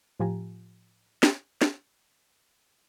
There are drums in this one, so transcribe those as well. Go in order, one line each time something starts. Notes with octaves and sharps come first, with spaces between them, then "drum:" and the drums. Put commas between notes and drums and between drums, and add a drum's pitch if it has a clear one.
A2 F3 F4 G4 G#5 A#5
drum: snare
drum: snare